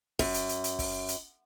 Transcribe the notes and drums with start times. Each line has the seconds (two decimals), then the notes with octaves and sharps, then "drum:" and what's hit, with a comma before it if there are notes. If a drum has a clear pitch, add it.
0.19 F#2, drum: kick, open hi-hat
0.34 drum: hi-hat
0.49 drum: hi-hat
0.64 drum: hi-hat
0.79 drum: kick, open hi-hat
1.08 drum: hi-hat